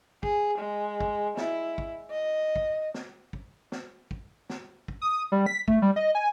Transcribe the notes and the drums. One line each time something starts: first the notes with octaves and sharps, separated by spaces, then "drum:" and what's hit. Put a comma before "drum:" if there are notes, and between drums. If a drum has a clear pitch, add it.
G#4, drum: kick
G#3
drum: kick
E4, drum: snare
drum: kick
D#5
drum: kick
drum: snare
drum: kick
drum: snare
drum: kick
drum: snare
drum: kick
D#6
G3
B6
A3, drum: kick
G3
D#5
G#5